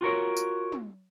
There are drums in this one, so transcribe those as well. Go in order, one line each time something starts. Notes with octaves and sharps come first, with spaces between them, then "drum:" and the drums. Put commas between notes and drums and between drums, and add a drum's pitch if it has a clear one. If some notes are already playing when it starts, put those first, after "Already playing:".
F4 F#4 A#4 C#5
drum: tambourine
drum: tom